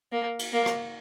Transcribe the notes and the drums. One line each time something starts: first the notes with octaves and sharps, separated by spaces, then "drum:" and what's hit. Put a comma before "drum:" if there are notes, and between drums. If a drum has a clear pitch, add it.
A#3
drum: cymbal
A#3
drum: rim click